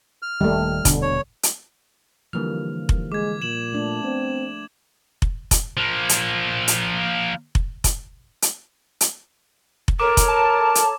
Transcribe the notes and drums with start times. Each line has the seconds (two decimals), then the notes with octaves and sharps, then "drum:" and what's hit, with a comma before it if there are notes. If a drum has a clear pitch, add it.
0.22 F6
0.41 D#1 D#2 D#3 G3 A3
0.85 D#1 B2 D3, drum: kick F1, hi-hat
1.02 C#5
1.43 drum: hi-hat
2.33 D3 E3 F3 G3 A#3 F6
2.89 drum: kick F1
3.12 G#3 D6 G#6
3.42 A#2 E7 F#7
3.73 A3 D4
4.03 B3 C4
5.22 drum: kick F1
5.51 drum: kick F1, hi-hat
5.77 F3 A#3
6.09 drum: hi-hat
6.68 drum: hi-hat
7.55 drum: kick F1
7.84 drum: kick F1, hi-hat
8.42 drum: hi-hat
9.01 drum: hi-hat
9.88 drum: kick F1
10.00 A4 A#4 C#5 A#5 D6
10.17 drum: kick F1, hi-hat
10.28 A5
10.75 drum: hi-hat